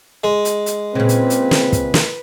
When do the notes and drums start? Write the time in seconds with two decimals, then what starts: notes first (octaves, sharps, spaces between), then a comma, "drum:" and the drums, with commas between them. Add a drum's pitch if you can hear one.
0.24 G#3
0.45 drum: hi-hat
0.66 drum: hi-hat
0.95 A#2 C#3 C4 B4
1.09 drum: hi-hat
1.30 drum: hi-hat
1.51 drum: snare
1.73 drum: kick, hi-hat
1.94 drum: snare